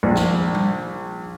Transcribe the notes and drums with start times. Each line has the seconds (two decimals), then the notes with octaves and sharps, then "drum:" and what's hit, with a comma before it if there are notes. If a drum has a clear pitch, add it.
0.03 A#1
0.15 drum: snare
0.55 drum: tom G3